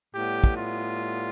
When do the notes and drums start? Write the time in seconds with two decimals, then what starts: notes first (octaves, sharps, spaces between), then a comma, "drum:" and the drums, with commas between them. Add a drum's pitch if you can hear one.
0.15 A2 G3 B3 G4
0.44 drum: kick
0.58 F4